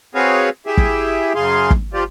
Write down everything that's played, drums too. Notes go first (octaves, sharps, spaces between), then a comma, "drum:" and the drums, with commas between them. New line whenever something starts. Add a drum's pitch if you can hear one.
C4 F#4 G#4 B4 C#5 F5
E4 G4 G#4 E5
drum: kick
F#2 C#3 G#4 F5 C6
drum: kick
F3 F4 G4 D5